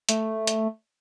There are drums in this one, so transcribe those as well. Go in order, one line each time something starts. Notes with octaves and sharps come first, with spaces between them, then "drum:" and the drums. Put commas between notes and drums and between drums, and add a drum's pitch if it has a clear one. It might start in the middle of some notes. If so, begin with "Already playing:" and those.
A3, drum: hi-hat
drum: hi-hat